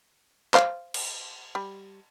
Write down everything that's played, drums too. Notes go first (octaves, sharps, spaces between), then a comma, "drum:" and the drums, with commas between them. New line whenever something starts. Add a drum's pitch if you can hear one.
C5 F5, drum: clap
drum: cymbal
G3